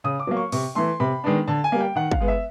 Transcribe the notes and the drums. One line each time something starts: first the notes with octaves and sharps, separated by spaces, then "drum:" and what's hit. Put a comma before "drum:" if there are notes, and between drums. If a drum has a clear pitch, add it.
C#3 D#6
D6
F#3 A#3
C#6
C3 C#6, drum: open hi-hat
E3 A3 C6
C3 B5
D#3 G#3 B3 D4
D3 A5
G#5
G3 A#3
G5
D#3 F#5
F5, drum: kick
G#3 B3
E5